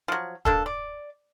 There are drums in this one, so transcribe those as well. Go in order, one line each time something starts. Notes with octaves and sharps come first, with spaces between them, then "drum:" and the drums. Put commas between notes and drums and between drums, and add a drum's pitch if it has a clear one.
F3 F#3
A#3 D4 A4, drum: kick
D5